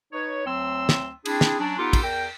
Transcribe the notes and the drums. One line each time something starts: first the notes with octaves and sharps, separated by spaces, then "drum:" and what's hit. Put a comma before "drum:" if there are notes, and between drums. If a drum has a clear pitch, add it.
D#4 B4 C#5
D2 F#3 C4 C6 E6
drum: snare
C4 D4 E4 G#4, drum: cymbal
drum: snare
F#3 C#4 D4
B3 D#4 F4 G4 A4
drum: kick, cymbal
E2 A#4 G5